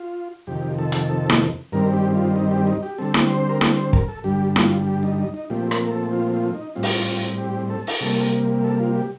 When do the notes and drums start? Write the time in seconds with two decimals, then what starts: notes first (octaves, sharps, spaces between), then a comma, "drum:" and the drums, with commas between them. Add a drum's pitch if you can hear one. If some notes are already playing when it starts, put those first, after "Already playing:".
Already playing: F4
0.47 F2 C3 D#3 G4
0.78 A4
0.92 drum: hi-hat
1.30 drum: snare E4
1.72 G2 D#3 G3 C4 A#4
1.93 G4
2.15 F4
2.36 D#4
2.51 G4
2.67 D#4
2.83 G4
2.98 D3 G3 C4 A4
3.14 drum: snare E4
3.30 C5
3.49 A#4
3.61 A4, drum: snare E4
3.77 C5
3.93 A#4, drum: kick
4.08 A4
4.24 G2 D3 G3 G4
4.56 F4, drum: snare E4
4.87 G4
5.03 D#4
5.18 D#4
5.34 D#4
5.50 A#2 F3 A3 C4 G4
5.71 A#4, drum: rim click
5.84 A#4
5.91 A4
6.13 F4
6.34 F4
6.55 D#4
6.75 A2 G3 C4 F4
6.83 G4, drum: open hi-hat
6.90 F4
7.38 G4
7.70 A4
7.87 drum: open hi-hat
8.01 C3 G3 A#3 A4
8.64 A4
8.80 F4
8.95 G4